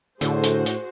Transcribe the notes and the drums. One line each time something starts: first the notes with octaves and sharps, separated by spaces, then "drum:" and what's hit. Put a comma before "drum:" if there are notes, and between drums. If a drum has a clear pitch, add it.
A2 D3 F#4 G#4 A4 C5, drum: hi-hat
drum: hi-hat
drum: hi-hat